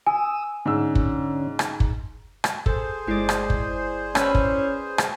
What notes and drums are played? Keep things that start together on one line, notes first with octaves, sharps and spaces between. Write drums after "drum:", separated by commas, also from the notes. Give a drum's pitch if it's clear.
G#5 D#6 E6
G#2 D3 C#4 E6
drum: kick
drum: rim click
drum: kick
drum: rim click
G#4 A4 C5, drum: kick
G1 G#3 E4 D5 C7
drum: rim click
drum: kick
C#4 B4 B5 E6, drum: rim click
drum: kick
drum: rim click